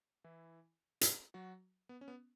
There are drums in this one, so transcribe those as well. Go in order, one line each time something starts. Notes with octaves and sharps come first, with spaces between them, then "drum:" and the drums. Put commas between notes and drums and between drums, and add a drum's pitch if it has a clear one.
E3 E4
drum: hi-hat
F#3 F#4
B3
C#4
B3